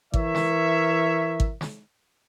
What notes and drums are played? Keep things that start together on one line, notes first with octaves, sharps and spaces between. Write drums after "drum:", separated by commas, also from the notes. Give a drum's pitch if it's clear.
E3 A#4 C#5 E5, drum: kick
drum: snare
drum: kick
drum: snare